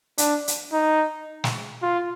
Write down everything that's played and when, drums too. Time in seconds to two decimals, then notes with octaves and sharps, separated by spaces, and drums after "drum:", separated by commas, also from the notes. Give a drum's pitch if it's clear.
0.18 D4, drum: hi-hat
0.48 drum: hi-hat
0.73 D#4
1.44 drum: snare
1.82 F4